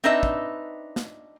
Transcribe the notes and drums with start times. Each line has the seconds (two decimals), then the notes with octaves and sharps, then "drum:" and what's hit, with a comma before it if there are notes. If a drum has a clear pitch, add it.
0.04 C4 D4 D#4 B4 D#5 E5
0.23 drum: kick
0.96 drum: snare